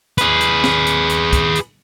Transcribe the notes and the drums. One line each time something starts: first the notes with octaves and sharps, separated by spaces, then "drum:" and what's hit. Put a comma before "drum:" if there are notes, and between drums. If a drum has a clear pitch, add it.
G#4 B4, drum: hi-hat
drum: hi-hat
drum: snare
drum: hi-hat
drum: hi-hat
drum: kick, hi-hat
drum: hi-hat